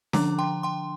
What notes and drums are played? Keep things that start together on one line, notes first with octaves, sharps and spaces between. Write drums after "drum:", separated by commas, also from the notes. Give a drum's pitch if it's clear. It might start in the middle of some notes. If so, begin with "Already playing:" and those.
D3 F3 D4 A#5 D6, drum: snare C#4
G5 C6
G5 C6